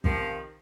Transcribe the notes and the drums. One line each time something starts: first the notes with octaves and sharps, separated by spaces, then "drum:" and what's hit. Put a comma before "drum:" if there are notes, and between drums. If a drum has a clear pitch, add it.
C3 D#3 F3, drum: kick